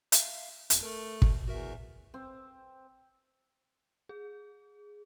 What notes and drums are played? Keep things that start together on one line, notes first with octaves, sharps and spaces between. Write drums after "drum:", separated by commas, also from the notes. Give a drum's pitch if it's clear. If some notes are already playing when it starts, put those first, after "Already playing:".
E5 F5, drum: hi-hat
G1 F2, drum: hi-hat
A3 A#4
D2 B2, drum: kick
E2 F#4 A#4 E5
C4
G#4